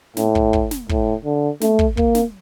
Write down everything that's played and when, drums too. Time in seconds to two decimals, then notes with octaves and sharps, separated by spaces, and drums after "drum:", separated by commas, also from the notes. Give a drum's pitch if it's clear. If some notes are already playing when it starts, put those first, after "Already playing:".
0.17 A2, drum: snare
0.35 drum: kick
0.53 drum: kick
0.71 drum: snare
0.89 A2, drum: kick
1.25 D3
1.61 A3, drum: snare
1.79 drum: kick
1.97 A#3, drum: kick
2.15 drum: snare